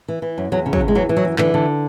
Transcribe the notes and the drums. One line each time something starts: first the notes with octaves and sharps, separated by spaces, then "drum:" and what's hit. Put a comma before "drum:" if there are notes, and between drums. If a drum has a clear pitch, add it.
E3
E3
F#2
E2 F#3
C#3
F#3, drum: kick
E2
G#3
E3 F#3
E3
F#3
F#2
D3 E3, drum: clap
D3